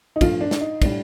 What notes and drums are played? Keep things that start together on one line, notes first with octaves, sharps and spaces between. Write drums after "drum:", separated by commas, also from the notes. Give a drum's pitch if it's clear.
D#4
G2 F3 A3 F4, drum: kick, cymbal
D4
drum: snare
D#4
A2 G3 D4, drum: kick, cymbal